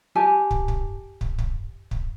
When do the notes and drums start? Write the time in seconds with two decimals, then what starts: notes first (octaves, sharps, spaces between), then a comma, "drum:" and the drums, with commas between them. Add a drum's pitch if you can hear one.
0.15 G4 G#5 A5
0.51 drum: kick
0.68 drum: kick
1.21 drum: kick
1.38 drum: kick
1.91 drum: kick